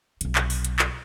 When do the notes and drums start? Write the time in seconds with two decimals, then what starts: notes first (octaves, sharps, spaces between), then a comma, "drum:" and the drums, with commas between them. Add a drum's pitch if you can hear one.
0.21 B1 C3, drum: hi-hat
0.35 drum: clap
0.50 drum: open hi-hat
0.65 drum: hi-hat
0.79 drum: clap